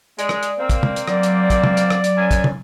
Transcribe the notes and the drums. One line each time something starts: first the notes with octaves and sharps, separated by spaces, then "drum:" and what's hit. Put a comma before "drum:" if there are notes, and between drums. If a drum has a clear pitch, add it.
G#3 D5, drum: hi-hat
drum: rim click
drum: hi-hat
A#3 C4
drum: kick, hi-hat
drum: tom
drum: hi-hat
F#3 D5, drum: rim click
drum: hi-hat
drum: kick, hi-hat
drum: tom
drum: hi-hat
drum: rim click
drum: hi-hat
F#2 G#5
drum: kick, hi-hat
drum: tom